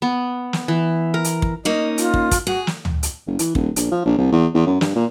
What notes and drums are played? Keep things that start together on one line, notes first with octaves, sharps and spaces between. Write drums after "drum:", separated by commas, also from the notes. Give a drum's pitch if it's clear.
B3
drum: snare
E3
A#4
drum: hi-hat
drum: kick
A#3 C#4 D#4 D#5
F4, drum: hi-hat
drum: kick
drum: kick, hi-hat
F#4 G#4
drum: snare
drum: tom
drum: hi-hat
F#1
E3, drum: hi-hat
D#1, drum: kick
A#1, drum: hi-hat
F3
A#1
C2
E2
E2
F#2
G2, drum: snare
A#2